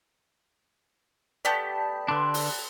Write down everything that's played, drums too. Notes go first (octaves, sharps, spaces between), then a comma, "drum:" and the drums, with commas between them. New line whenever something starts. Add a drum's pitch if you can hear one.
A3 B3 G4 D5 A5
D3 D4 B4 C6
drum: open hi-hat